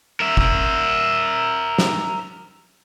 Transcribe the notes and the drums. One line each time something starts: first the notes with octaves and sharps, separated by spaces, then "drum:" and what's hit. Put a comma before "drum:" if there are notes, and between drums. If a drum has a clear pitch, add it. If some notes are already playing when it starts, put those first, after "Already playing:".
A#4 E5
drum: kick
drum: snare